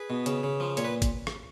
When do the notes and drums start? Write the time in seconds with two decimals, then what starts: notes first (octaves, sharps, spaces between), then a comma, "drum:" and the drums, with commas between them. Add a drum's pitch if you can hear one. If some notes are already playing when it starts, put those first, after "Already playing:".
Already playing: G#4 B4
0.10 B2
0.26 C#3, drum: hi-hat
0.43 C#3
0.60 F3
0.77 A#2 C#5, drum: hi-hat
0.84 B4
1.02 drum: kick G#1, hi-hat
1.27 drum: rim click